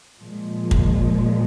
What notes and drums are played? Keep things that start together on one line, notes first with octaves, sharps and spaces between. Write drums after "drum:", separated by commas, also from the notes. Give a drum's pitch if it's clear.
A#2 F3 G#3
drum: kick